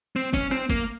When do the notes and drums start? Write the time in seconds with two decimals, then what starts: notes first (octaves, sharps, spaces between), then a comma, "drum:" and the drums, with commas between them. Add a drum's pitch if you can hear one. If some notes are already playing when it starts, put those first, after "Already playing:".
0.16 C4
0.34 C#4, drum: kick, hi-hat
0.51 C4, drum: rim click
0.70 A#3, drum: kick, hi-hat